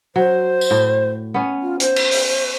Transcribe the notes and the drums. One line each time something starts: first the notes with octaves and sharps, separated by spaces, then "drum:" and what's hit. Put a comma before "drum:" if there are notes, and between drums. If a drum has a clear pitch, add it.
F#3 C5
drum: tambourine
A2
B3 C#4
F4
C5, drum: hi-hat
drum: cymbal
drum: open hi-hat